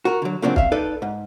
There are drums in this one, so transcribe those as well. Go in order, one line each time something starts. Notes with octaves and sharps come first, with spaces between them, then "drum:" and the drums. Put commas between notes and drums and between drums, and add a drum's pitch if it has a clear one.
F#4 A#4
D3 F#3
C#2 A#2 C#3 F#3 C4 D4
E5 F5, drum: kick
D#4 A4 B4 D5
G#2